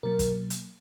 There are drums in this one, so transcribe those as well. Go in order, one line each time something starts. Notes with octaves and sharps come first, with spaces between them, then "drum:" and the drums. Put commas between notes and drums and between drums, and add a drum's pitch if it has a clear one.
B2 F#3 A#3 A#4
drum: kick, hi-hat
drum: hi-hat